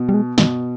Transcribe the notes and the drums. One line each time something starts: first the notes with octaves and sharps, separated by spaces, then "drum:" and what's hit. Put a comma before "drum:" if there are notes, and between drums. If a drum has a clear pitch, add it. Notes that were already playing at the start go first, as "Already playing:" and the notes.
Already playing: B2
G3
G#3
B2 D#3, drum: snare